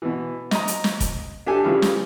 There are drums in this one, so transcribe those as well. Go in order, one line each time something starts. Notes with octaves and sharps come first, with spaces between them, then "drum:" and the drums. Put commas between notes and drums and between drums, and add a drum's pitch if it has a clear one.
B2 E3
D#5 A#5, drum: snare
drum: hi-hat
drum: snare
drum: kick, hi-hat
D4 G4 A4 G#5
C#3 E3 F3 G3
drum: snare